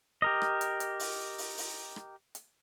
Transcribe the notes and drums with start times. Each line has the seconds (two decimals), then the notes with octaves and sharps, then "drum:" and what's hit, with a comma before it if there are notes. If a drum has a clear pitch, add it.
0.22 G4 A#4 D#5
0.42 drum: rim click
0.61 drum: hi-hat
0.80 drum: hi-hat
1.00 drum: open hi-hat
1.38 drum: open hi-hat
1.57 drum: open hi-hat
1.96 drum: rim click
2.35 drum: hi-hat